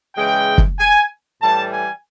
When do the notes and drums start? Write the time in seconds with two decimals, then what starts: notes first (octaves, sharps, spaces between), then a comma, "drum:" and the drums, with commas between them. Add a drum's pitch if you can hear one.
0.15 C#3 E3 G#3 G5
0.58 drum: kick
0.79 G#5
1.41 A2 E3 G3 A5
1.71 G#5